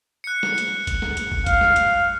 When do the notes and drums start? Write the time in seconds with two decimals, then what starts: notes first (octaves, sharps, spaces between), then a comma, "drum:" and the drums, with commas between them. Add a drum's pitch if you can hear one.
0.24 F#6 C#7
0.43 drum: snare
0.58 drum: hi-hat
0.87 drum: kick, hi-hat
1.02 drum: snare
1.17 drum: hi-hat
1.32 drum: kick
1.46 F5, drum: kick, hi-hat
1.61 drum: snare
1.76 drum: hi-hat